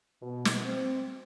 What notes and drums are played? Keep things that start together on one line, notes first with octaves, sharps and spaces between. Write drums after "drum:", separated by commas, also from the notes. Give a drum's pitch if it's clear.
B2
drum: snare
C4